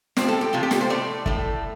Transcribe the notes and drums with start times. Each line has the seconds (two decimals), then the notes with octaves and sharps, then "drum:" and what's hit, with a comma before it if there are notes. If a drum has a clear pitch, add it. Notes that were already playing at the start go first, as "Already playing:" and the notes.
0.17 A2 G3 C4, drum: snare
0.28 A4
0.41 G4
0.53 C3 F3 A3 F4
0.63 G4
0.71 A4, drum: snare
0.81 C5
0.90 A2 A3 D5
1.26 A2 A3, drum: kick